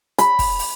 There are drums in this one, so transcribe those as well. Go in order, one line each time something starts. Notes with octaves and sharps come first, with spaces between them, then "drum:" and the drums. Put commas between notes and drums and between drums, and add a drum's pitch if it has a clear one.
B5, drum: hi-hat
drum: kick, open hi-hat
drum: open hi-hat